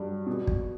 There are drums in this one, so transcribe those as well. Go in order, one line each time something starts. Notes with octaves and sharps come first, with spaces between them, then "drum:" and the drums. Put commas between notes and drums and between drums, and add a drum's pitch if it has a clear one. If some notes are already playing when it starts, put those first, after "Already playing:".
Already playing: G2 F#3
B2
drum: kick